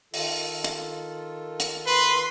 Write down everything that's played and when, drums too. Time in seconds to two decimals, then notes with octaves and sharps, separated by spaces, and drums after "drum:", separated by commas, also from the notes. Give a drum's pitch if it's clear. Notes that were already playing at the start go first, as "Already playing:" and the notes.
0.14 D#3 F4 A4, drum: open hi-hat
0.64 drum: hi-hat
1.60 drum: hi-hat
1.87 B4 C6